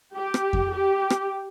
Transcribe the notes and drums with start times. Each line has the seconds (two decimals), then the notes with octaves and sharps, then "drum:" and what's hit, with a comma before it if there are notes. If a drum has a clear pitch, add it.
0.15 G4
0.34 drum: rim click
0.53 drum: kick F2
0.72 G4
1.10 drum: rim click